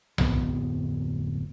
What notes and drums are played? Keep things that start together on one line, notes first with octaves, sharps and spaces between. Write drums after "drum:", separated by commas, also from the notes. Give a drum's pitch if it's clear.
D1 F2 B3, drum: tom B1